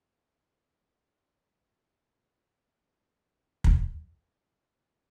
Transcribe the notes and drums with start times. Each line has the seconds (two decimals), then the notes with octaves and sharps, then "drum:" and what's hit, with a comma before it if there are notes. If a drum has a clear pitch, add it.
0.18 F#3
1.03 D5
1.42 F#3
2.66 D3 B5 C#6 D#6
3.64 drum: kick